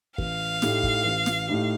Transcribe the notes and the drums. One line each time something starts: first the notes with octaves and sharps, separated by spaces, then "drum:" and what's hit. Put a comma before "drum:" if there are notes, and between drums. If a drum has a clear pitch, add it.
A1 F5, drum: kick
A2 A3 D#4 G4, drum: snare
drum: kick
A1
drum: snare
A2 A3 D#4 G4